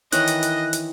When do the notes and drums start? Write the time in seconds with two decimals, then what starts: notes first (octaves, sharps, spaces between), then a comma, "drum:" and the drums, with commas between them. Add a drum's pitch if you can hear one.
0.12 D#3 E3 C#5 D#5 F#6, drum: hi-hat
0.27 drum: hi-hat
0.43 drum: hi-hat
0.73 drum: hi-hat